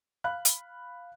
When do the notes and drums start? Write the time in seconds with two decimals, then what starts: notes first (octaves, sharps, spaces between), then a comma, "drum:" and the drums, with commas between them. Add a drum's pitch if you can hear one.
0.24 F5 B5 F#6
0.45 drum: hi-hat